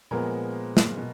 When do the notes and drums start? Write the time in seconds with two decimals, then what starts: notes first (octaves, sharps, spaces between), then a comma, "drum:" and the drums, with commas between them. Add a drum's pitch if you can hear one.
0.11 A#2 F3 G#3 B3 A#4
0.77 drum: snare
0.97 B2